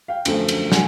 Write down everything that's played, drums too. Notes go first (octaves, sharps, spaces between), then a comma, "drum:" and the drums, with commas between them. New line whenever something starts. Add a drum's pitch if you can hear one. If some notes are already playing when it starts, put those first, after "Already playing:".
F5 G5
F#2 D3 F3 A3, drum: cymbal
drum: cymbal
D3 F#3 F#5 G#5, drum: snare